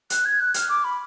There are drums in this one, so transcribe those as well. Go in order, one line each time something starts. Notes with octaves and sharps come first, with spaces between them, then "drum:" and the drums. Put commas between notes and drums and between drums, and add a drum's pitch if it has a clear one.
F#6, drum: hi-hat
G#6
F#6
F6, drum: hi-hat
D6
B5